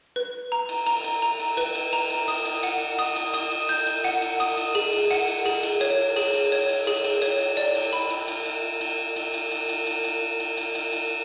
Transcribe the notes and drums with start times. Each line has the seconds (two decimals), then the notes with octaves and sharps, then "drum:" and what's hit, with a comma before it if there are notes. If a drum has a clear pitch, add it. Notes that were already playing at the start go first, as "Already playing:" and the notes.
0.16 B4
0.52 A#5
0.69 drum: cymbal
0.86 A#5, drum: cymbal
1.04 drum: cymbal
1.22 A#5
1.40 drum: cymbal
1.57 B4, drum: cymbal
1.75 drum: cymbal
1.93 A#5, drum: cymbal
2.10 drum: cymbal
2.28 D#6, drum: cymbal
2.46 drum: cymbal
2.63 F#5, drum: cymbal
2.99 D#6, drum: cymbal
3.16 drum: cymbal
3.34 D#6, drum: cymbal
3.51 drum: cymbal
3.69 G6, drum: cymbal
3.87 drum: cymbal
4.04 F#5, drum: cymbal
4.22 drum: cymbal
4.40 D#6, drum: cymbal
4.57 drum: cymbal
4.75 G#4, drum: cymbal
4.93 drum: cymbal
5.11 F#5, drum: cymbal
5.28 drum: cymbal
5.46 G#4, drum: cymbal
5.63 drum: cymbal
5.81 C#5, drum: cymbal
6.16 G#4, drum: cymbal
6.34 drum: cymbal
6.52 C#5, drum: cymbal
6.69 drum: cymbal
6.87 G#4, drum: cymbal
7.04 drum: cymbal
7.22 C#5, drum: cymbal
7.40 drum: cymbal
7.57 D5, drum: cymbal
7.75 drum: cymbal
7.93 B5, drum: cymbal
8.10 drum: cymbal
8.28 drum: cymbal
8.46 drum: cymbal
8.81 drum: cymbal
9.16 drum: cymbal
9.34 drum: cymbal
9.52 drum: cymbal
9.69 drum: cymbal
9.87 drum: cymbal
10.05 drum: cymbal
10.40 drum: cymbal
10.58 drum: cymbal
10.75 drum: cymbal
10.93 drum: cymbal